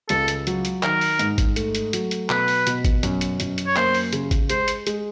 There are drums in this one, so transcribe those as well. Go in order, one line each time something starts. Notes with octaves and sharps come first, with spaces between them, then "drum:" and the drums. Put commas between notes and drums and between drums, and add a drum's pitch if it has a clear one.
C#2 A4, drum: hi-hat
drum: hi-hat
F#3, drum: hi-hat
drum: hi-hat
D#3 A#4, drum: clap
drum: open hi-hat
G#2, drum: hi-hat
drum: kick G#1, hi-hat
A3, drum: hi-hat
drum: hi-hat
F#3, drum: hi-hat
drum: hi-hat
B2 B4, drum: clap
drum: open hi-hat
B2, drum: hi-hat
drum: kick G#1, hi-hat
F#2, drum: hi-hat
drum: hi-hat
F#2, drum: hi-hat
drum: hi-hat
C#5
A#3 C5, drum: clap
drum: open hi-hat
C#3, drum: hi-hat
drum: kick G#1, hi-hat
G#3 C5, drum: hi-hat
drum: hi-hat
G#3, drum: hi-hat